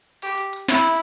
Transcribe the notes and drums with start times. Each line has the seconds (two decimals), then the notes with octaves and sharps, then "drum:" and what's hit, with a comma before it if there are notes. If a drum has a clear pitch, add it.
0.22 G4, drum: hi-hat
0.38 drum: hi-hat
0.53 drum: hi-hat
0.68 E4, drum: snare
0.84 drum: hi-hat